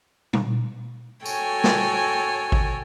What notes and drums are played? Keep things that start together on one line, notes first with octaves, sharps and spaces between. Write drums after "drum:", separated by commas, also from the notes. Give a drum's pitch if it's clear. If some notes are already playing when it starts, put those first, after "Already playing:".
drum: tom A#2
F#4 A4 C#5 G5 G#5, drum: tambourine
drum: snare
drum: kick G#1